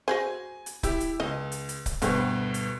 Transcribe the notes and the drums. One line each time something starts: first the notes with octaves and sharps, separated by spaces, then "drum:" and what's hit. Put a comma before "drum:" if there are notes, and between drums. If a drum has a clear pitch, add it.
F#4 G#4 C5 G#5
drum: hi-hat
E4 G4, drum: kick C#1, hi-hat
drum: hi-hat
C#2 D#5
drum: hi-hat
drum: hi-hat
drum: kick C#1, hi-hat
D2 G2 B2 D3 C4, drum: hi-hat
drum: hi-hat